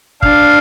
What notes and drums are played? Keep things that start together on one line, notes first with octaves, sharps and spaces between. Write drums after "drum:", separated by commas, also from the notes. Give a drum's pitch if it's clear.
D4 F5, drum: kick